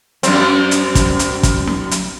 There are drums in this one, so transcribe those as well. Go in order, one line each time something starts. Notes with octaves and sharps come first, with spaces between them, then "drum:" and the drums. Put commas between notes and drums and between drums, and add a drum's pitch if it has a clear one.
F#2 G3 C4, drum: hi-hat
drum: hi-hat
drum: kick, hi-hat
drum: hi-hat
drum: kick, hi-hat
drum: snare
drum: hi-hat